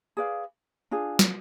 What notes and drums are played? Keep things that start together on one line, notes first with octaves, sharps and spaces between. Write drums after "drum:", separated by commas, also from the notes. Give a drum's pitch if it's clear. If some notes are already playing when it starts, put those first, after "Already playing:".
G#4 B4 D5 F5
D4 F4 G#4
drum: snare